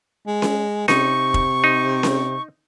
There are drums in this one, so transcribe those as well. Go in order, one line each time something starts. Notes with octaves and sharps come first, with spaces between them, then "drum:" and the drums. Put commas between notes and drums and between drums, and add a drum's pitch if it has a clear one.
G#3
drum: snare C#4
C3 D#4 C#6, drum: snare C#4
drum: kick
D#4
drum: snare C#4